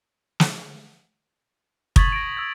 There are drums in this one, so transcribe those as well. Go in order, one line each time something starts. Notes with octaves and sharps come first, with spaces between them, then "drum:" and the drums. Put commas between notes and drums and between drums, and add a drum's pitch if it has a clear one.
drum: snare
C#6 D#6 G#6 A6 B6 F#7, drum: kick
A#6 D7
E6 G#6